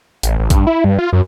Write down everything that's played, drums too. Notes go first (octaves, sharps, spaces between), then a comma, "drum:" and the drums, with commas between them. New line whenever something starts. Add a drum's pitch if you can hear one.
A1, drum: hi-hat
A1
G2, drum: kick A1, hi-hat
E4
G2
F4
F#2